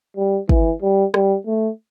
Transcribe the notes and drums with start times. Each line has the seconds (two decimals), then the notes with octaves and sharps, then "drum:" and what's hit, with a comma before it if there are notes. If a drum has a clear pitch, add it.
0.17 G3
0.49 E3, drum: kick
0.82 G3
1.14 G3, drum: rim click
1.47 A3